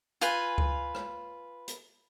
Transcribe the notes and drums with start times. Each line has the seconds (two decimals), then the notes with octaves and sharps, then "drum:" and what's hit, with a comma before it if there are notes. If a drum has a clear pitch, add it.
0.21 F4 B4 G#5, drum: hi-hat
0.58 drum: kick C#2
0.95 drum: rim click
1.68 drum: hi-hat